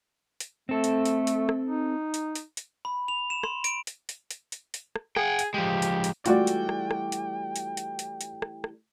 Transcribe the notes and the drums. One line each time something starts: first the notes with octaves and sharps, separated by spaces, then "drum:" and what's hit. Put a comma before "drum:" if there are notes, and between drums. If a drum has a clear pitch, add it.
drum: hi-hat
A3 C4 A4
drum: hi-hat
drum: hi-hat
drum: hi-hat
drum: rim click
D#4
drum: hi-hat
drum: hi-hat
drum: hi-hat
B5
F7
E7
C6, drum: rim click
D7, drum: hi-hat
drum: hi-hat
drum: hi-hat
drum: hi-hat
drum: hi-hat
drum: hi-hat
drum: rim click
G#4 F#5 G5, drum: rim click
drum: hi-hat
F3 G#3 G4
drum: hi-hat
drum: hi-hat
E3 G3 A3 F4 F#4 D5 G5, drum: hi-hat
drum: hi-hat
drum: rim click
drum: rim click
drum: hi-hat
drum: hi-hat
drum: hi-hat
drum: hi-hat
drum: hi-hat
drum: rim click
drum: rim click